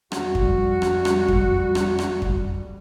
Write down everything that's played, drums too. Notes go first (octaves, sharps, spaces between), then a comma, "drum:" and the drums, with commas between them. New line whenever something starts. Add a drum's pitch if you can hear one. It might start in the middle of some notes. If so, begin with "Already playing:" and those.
F2 G3 F#4, drum: rim click
drum: kick F2
drum: rim click
drum: rim click
drum: kick F2
drum: rim click
drum: rim click
drum: kick F2